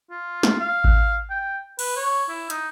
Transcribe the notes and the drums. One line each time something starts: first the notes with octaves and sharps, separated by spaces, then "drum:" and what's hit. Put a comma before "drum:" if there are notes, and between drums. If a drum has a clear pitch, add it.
F4
drum: snare
F5
drum: kick G#1
G5
B4, drum: cymbal
C#5
E4
D#4, drum: hi-hat